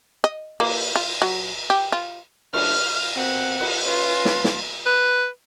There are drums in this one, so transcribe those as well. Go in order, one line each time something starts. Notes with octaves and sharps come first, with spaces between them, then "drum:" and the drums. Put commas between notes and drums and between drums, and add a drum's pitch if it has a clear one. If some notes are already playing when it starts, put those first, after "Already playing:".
D#5
A#3, drum: cymbal
F4
F#3
G4
F4
F#2 A3 D4 F6, drum: cymbal
F5
B2 A#3 C4 F#5
drum: cymbal
C#4 F4 B4
drum: snare
drum: snare
B4